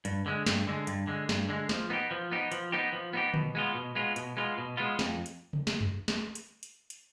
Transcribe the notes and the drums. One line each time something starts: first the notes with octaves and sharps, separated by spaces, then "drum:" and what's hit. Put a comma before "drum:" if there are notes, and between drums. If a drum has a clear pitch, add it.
G2, drum: hi-hat
D3 G#3
G2, drum: snare
D3 G#3
G2, drum: hi-hat
D3 G#3
G2, drum: snare
D3 G#3
F3, drum: snare
B3 D#4 G4
F3
B3 D#4 G4
F3, drum: hi-hat
B3 D#4 G4
F3
B3 D#4 G4
B2, drum: tom
G#3 B3 F4
B2
G#3 B3 F4
B2, drum: hi-hat
G#3 B3 F4
B2
G#3 B3 F4
F2, drum: snare
drum: hi-hat
drum: tom
drum: snare
drum: tom F#2
drum: snare
drum: hi-hat
drum: hi-hat
drum: hi-hat